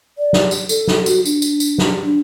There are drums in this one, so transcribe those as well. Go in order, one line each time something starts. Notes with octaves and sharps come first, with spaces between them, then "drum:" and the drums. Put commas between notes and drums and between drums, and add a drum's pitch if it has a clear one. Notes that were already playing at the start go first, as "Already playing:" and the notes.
D5
drum: snare G4
drum: tambourine
A4, drum: tambourine
drum: snare G4
F#4, drum: tambourine
D4, drum: tambourine
drum: tambourine
drum: tambourine
drum: snare G4
D4